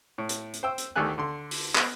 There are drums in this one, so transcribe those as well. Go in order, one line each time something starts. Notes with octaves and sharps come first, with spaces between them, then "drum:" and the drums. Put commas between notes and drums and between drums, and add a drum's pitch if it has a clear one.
A2
drum: hi-hat
drum: hi-hat
C5 G5 E6
drum: hi-hat
D2 D#3 G4 A4 G#5 F#6
D3 C6
drum: open hi-hat
B3, drum: clap